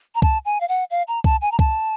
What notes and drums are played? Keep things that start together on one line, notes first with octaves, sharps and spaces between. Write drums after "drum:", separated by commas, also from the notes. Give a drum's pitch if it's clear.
A#5
A5, drum: kick C2
G#5
F5
F#5
F5
A#5
A5, drum: kick C2
G#5
A#5
A5, drum: kick C2